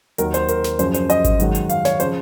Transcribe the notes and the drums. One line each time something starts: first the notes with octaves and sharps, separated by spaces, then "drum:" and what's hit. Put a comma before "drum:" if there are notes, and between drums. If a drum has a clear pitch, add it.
D#2 D#3 F#3 A#4, drum: hi-hat
C5, drum: hi-hat
A#4, drum: hi-hat
drum: snare
F#2 C#3 F3 C5, drum: hi-hat
C5, drum: hi-hat
D#5, drum: hi-hat
drum: kick G#1, hi-hat
G#2 D#3 F#3, drum: hi-hat
drum: hi-hat
F5, drum: hi-hat
C#5, drum: snare
C#3 F3 C5, drum: hi-hat